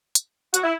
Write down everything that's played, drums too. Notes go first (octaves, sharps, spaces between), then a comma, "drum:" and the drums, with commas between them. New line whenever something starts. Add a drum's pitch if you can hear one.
drum: hi-hat
F#4, drum: hi-hat
E4